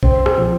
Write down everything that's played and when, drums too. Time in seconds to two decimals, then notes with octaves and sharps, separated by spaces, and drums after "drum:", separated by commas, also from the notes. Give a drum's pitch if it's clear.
0.03 C4, drum: kick
0.26 drum: rim click
0.38 F3